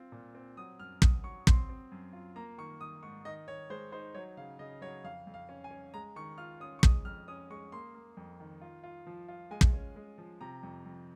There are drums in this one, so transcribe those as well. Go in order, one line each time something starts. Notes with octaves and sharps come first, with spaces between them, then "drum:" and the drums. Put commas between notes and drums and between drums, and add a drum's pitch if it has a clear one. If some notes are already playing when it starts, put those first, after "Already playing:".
Already playing: C4 F4
A#2
C4
F#3 D#6
F#2 F6
F#2 D#6, drum: kick
F#3 C#6
C4 C6, drum: kick
C4
F#2
F4
A#3 A#5
D#3 C#6
D#3 D#6
G#2 C#6
D#3 D#5
D#3 C#5
G#3 C5
D#4 C5
F#3 C#5
C#3 F5
C#3 D#5
F#3 C#5
F2 F5
F2
F5
C#4
G#5
C#4
G#3 A#5
D#3 C#6
F4 F6
C#4 D#6
C#6
G#3 D#6, drum: kick
F2 F6
C#4 D#6
G#3 C#6
A#3 C6
A#3
F2
D#3
F4
F4
F3
F4
G#3 G#5
drum: kick
C#4
G#3
F3
C3 A#5
F2
F2